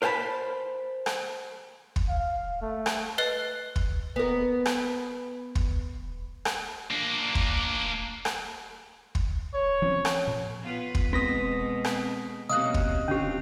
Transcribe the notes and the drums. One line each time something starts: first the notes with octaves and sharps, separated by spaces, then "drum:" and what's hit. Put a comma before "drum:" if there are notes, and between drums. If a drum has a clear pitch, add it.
A#4 C5 F5 G5 A5 B5
drum: rim click
drum: kick
F5
A3
drum: rim click
B4 D#5 F#6 C7 G7
drum: kick
B3 A#4
drum: rim click
drum: kick
drum: rim click
A#3 D4
drum: kick
drum: rim click
drum: kick
C#5
F3 C4 C#4
drum: rim click
A#2
B3 F4 B4
drum: kick
B2 G#3 C4 B4 C6 D#6 A#6 B6
drum: rim click
B1 C3 A#3 C#4 D#5 F5 D#6 F#6
drum: kick
G2 D3 C4 C#4 F4 G4